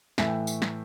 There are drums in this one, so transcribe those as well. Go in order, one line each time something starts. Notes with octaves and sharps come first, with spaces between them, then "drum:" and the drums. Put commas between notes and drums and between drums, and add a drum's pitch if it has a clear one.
A2 E3 A3 E5, drum: snare
G5
drum: tambourine
drum: snare